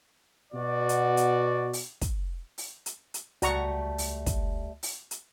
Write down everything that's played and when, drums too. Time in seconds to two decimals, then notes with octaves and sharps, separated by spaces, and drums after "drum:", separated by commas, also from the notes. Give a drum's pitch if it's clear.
0.53 B2 F#4 D5
0.89 drum: hi-hat
1.17 drum: hi-hat
1.73 drum: open hi-hat
2.01 drum: kick, hi-hat
2.58 drum: open hi-hat
2.86 drum: hi-hat
3.14 drum: hi-hat
3.42 C#2 G3 A3 F#4 A#5 C#6, drum: hi-hat
3.98 drum: open hi-hat
4.26 drum: kick, hi-hat
4.83 drum: open hi-hat
5.11 drum: hi-hat